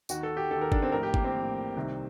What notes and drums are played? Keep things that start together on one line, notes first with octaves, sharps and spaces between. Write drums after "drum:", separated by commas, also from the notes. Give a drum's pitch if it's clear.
D#2 D#3 F#4, drum: tambourine
A4
G4
D#2 D#3 A4
A#4
D4, drum: kick G1
C4
A#1 A2 A#4
G4
A#3, drum: kick G1
C4
A#1 A2
C2 C3 D#3